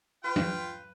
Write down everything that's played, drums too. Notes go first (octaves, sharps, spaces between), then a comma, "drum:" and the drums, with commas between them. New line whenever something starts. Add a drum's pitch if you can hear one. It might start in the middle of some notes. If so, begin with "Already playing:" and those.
F4 B4 G5
drum: tom F#3